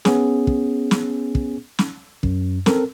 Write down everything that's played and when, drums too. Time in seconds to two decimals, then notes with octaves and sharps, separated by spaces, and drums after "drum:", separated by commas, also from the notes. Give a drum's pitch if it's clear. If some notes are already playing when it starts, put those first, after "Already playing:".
0.05 B3 C#4 G#4, drum: snare
0.47 drum: kick
0.91 drum: snare
1.35 drum: kick
1.79 drum: snare
2.23 F#2, drum: kick
2.66 C4 A4 A#4, drum: snare